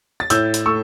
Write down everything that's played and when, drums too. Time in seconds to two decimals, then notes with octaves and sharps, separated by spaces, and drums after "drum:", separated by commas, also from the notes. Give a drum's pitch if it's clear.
0.20 A6
0.30 A2 E6 G6, drum: hi-hat
0.54 drum: hi-hat
0.66 A3 C#6 E6